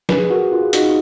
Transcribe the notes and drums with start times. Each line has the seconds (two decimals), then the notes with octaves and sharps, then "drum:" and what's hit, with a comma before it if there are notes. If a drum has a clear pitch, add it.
0.09 G#4 B4, drum: snare
0.30 F#4 A#4
0.51 F4 G#4
0.73 D#4 F#4, drum: hi-hat